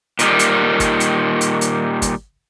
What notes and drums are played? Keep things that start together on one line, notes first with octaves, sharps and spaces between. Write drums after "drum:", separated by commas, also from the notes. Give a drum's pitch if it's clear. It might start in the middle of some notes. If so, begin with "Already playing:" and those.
A#2 D#3 G3, drum: hi-hat
drum: hi-hat
drum: kick, hi-hat
drum: hi-hat
drum: hi-hat
drum: hi-hat
drum: kick, hi-hat